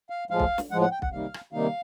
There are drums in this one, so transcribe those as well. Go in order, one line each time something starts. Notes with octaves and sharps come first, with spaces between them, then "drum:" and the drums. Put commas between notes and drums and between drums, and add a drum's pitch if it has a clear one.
F5
A2 F3 G#3 F5
drum: kick B1
drum: snare
A2 F3 G#3 F#5
F#5
G5
F#5, drum: kick B1
C3 D#3 G3 A#3 D#4 F5
drum: rim click
C3 D#3 G3 A#3 D#4 F5